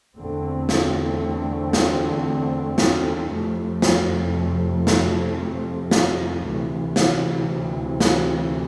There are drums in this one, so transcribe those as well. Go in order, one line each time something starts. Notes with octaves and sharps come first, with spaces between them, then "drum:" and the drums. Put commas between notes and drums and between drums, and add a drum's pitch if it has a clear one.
E2 D3 A3 C4
drum: snare
drum: snare
drum: snare
F2 C3 F3 A3
drum: snare
drum: snare
drum: snare
D2 C3 E3
drum: snare
drum: snare